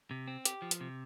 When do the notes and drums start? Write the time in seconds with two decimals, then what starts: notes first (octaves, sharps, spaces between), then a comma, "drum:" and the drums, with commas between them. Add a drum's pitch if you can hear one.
0.11 C3
0.28 C4
0.45 G4, drum: hi-hat
0.62 F3
0.71 drum: hi-hat
0.81 C3